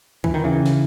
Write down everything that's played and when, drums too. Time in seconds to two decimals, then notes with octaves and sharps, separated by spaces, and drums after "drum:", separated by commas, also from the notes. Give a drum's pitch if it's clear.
0.24 E3, drum: kick
0.34 D#3
0.44 C#3 E3
0.66 drum: snare